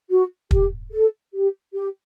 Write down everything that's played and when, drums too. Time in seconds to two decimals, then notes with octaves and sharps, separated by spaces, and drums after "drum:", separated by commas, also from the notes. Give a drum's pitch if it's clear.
0.10 F#4
0.51 G4, drum: kick
0.92 A4
1.34 G4
1.74 G4